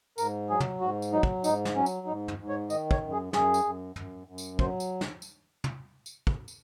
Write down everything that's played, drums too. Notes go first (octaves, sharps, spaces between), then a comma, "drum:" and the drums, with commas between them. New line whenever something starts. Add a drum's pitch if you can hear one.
G#2 A#4, drum: tambourine
F#3 G#4
drum: tom
G#2 F#4
drum: tambourine
F#3 D#4
drum: kick
G#2 D#4, drum: tambourine
drum: snare
F#3 C#4
drum: tambourine
G#2 D#4
drum: tom
G#2
C#5
D#3 D#5, drum: tambourine
C#5, drum: kick
F#2
G#4
F#2 G#4, drum: snare
drum: tambourine
F#2
F#2, drum: tom
F#2
drum: tambourine
F#3 C5, drum: kick
drum: tambourine
drum: snare
drum: tambourine
drum: tom
drum: tambourine
drum: kick
drum: tambourine